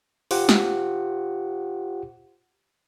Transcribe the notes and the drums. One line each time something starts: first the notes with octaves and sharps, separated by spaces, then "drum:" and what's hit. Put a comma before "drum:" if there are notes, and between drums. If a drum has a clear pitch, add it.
F4 G4 C5 F#5, drum: open hi-hat
drum: snare